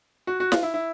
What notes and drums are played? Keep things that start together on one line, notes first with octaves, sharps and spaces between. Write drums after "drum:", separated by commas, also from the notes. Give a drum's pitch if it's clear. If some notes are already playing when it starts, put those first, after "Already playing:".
F#4
F#4
F4, drum: snare
E4
E4